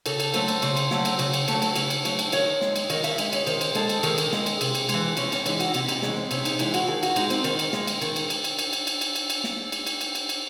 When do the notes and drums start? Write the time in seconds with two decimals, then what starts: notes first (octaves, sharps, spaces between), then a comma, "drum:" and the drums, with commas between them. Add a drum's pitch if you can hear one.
0.06 C#3 A4, drum: cymbal
0.20 drum: cymbal
0.34 F#3 A3 C5, drum: cymbal
0.48 drum: cymbal
0.62 C#3 C5, drum: cymbal
0.77 drum: cymbal
0.91 F#3 A3, drum: snare
1.05 drum: cymbal
1.19 C#3, drum: cymbal
1.33 drum: cymbal
1.48 F#3 A3, drum: cymbal
1.62 drum: cymbal
1.76 C#3, drum: cymbal
1.90 drum: cymbal
2.05 F#3 A3, drum: cymbal
2.19 drum: cymbal
2.32 D#3 C#5, drum: cymbal
2.61 G#3, drum: snare
2.76 drum: cymbal
2.90 D#3 D#5, drum: cymbal
3.04 E5, drum: cymbal
3.18 G#3 E5, drum: cymbal
3.33 C#5, drum: cymbal
3.47 D#3 C5, drum: cymbal
3.61 drum: cymbal
3.75 G#3 A4, drum: cymbal
3.89 drum: cymbal
4.03 D#3 G#4, drum: cymbal
4.18 drum: cymbal
4.33 G#3, drum: snare
4.46 drum: cymbal
4.61 C3, drum: cymbal
4.75 drum: cymbal
4.89 E3 G#3, drum: cymbal
5.17 C3 C#4, drum: cymbal
5.32 C#4, drum: cymbal
5.46 E3 G#3 D#4, drum: cymbal
5.60 F#4, drum: cymbal
5.74 C3 E4, drum: cymbal
5.88 D#4, drum: cymbal
6.03 E3 G#3 C#4, drum: snare
6.16 C4
6.31 C3 C#4, drum: cymbal
6.45 D#4, drum: cymbal
6.59 E3 G#3 E4, drum: cymbal
6.74 F#4, drum: cymbal
6.88 D#3 G#4
7.03 F#4, drum: cymbal
7.16 G#3 D#4, drum: cymbal
7.30 C4, drum: cymbal
7.44 D#3, drum: cymbal
7.59 drum: cymbal
7.73 G#3, drum: snare
7.88 drum: cymbal
8.02 D#3, drum: cymbal
8.16 drum: cymbal
8.30 drum: cymbal
8.44 drum: cymbal
8.59 drum: cymbal
8.73 drum: cymbal
8.87 drum: cymbal
9.01 drum: cymbal
9.15 drum: cymbal
9.30 drum: cymbal
9.44 drum: snare
9.72 drum: cymbal
9.87 drum: cymbal
10.01 drum: cymbal
10.15 drum: cymbal
10.29 drum: cymbal